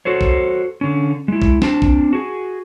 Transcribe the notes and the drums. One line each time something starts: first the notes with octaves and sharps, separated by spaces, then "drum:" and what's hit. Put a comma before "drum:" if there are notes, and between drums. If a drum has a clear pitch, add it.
F#4 A4 C5 C#5
drum: kick
D3 C#4
G#3 E4
drum: kick
C4 D4 A5, drum: snare
drum: kick
F#4 G#4